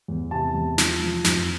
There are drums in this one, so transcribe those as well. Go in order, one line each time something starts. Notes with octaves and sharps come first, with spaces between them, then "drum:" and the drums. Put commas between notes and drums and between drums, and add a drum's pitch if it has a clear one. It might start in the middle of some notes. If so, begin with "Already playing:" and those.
E2
C3 A5
E2
F3, drum: snare
F3
F2, drum: snare